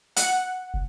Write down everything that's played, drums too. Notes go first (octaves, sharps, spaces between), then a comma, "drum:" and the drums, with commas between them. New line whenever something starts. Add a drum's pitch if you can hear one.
F#5, drum: hi-hat
F1